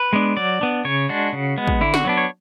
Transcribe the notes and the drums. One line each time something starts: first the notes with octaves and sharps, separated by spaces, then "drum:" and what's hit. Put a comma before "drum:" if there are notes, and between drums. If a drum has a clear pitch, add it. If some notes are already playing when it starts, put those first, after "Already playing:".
Already playing: B4
G#3 B3 D4
F#3 D5
B3 D4
C#3 C#5
G#3 D4 F#4
C#3
G#3 B3
drum: kick
D3 E4
F#4, drum: snare
F#3 B3 D4
C#5